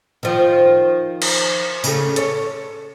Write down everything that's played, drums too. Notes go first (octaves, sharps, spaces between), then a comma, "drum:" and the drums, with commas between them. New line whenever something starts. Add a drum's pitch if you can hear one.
D#3 F3
drum: cymbal
C#3 A3, drum: tambourine
A4 C#5, drum: hi-hat